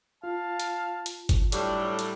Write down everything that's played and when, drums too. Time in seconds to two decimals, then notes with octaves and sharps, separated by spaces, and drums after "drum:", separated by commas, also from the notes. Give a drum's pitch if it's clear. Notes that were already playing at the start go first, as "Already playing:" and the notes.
0.24 F4 F5 A5
0.60 drum: hi-hat
1.06 drum: hi-hat
1.29 drum: kick G1, hi-hat
1.52 A2 F#3 G3 D4 A4, drum: hi-hat
1.99 drum: hi-hat